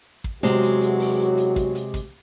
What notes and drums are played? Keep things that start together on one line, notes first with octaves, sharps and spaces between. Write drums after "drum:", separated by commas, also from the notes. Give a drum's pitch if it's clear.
drum: kick
E2 C3 F#3 G#3 F#4, drum: hi-hat
drum: hi-hat
drum: hi-hat
drum: open hi-hat
drum: hi-hat
drum: kick, hi-hat
drum: hi-hat
drum: kick, hi-hat